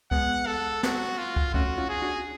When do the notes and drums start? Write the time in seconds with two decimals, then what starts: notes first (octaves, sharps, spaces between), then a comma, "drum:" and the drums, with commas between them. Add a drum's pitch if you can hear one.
0.11 G#3 B3 F#5, drum: kick
0.47 A4
0.83 F#4, drum: snare
1.18 F4
1.36 drum: kick
1.54 A3 C#4 F#4, drum: kick
1.78 C#4 F4
1.89 G#4
2.02 D4 F#4